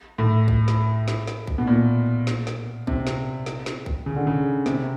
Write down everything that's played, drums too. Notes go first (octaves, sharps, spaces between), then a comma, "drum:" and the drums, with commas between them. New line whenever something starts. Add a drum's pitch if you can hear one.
A2
drum: kick B1
drum: snare
drum: snare
drum: snare
drum: kick B1
B2
A#2
drum: snare
drum: snare
C3, drum: kick B1
drum: snare
drum: snare
drum: snare
drum: kick B1
C#3
D3
C#3
C3, drum: snare